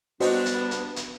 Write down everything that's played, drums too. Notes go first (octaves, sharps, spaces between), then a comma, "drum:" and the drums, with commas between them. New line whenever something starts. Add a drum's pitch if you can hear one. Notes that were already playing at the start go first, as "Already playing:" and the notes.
G3 B3 D4 F#4 C5 D#5, drum: open hi-hat
drum: hi-hat
drum: hi-hat
drum: hi-hat